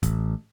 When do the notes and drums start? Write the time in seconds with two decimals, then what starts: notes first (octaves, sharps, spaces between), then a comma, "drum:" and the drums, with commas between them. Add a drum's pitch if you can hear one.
0.03 A1, drum: kick, hi-hat